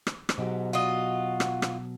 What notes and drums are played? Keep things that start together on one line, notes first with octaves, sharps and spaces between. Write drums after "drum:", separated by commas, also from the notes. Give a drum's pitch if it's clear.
drum: rim click
drum: rim click
G#2 B2 F#3 G4
F4 F#4 D#5
drum: rim click
drum: rim click